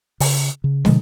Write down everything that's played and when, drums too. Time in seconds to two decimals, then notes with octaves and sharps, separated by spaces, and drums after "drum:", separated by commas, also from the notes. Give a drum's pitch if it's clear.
0.20 C#3, drum: open hi-hat
0.64 C#3
0.85 B2 D3 F3 G#3, drum: snare